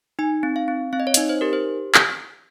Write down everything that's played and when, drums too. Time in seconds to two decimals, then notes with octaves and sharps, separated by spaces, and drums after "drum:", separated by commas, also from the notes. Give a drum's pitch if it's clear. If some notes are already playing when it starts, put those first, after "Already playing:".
0.19 D#4 G#5
0.43 C4
0.56 F5
0.68 C4
0.93 C4 F5
1.00 D#5
1.07 C#5
1.14 D#4 D#5, drum: hi-hat
1.29 C5
1.41 G4 A#4
1.53 C5
1.94 drum: clap